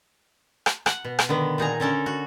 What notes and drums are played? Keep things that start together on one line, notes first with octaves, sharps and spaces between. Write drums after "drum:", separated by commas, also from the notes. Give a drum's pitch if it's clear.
drum: rim click
F#5, drum: rim click
B2
drum: rim click
D3 D#3 B3
A#2 D#4 G#4 A#5
D3 C#4 A4 A#4
F#4